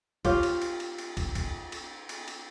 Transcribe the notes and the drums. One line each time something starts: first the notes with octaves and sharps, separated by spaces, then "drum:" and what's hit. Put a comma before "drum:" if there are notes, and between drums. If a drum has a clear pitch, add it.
F4 G4 C#5 F5, drum: kick, cymbal
drum: cymbal
drum: cymbal
drum: cymbal
drum: cymbal
drum: kick, cymbal
drum: kick, cymbal
drum: cymbal
drum: cymbal
drum: cymbal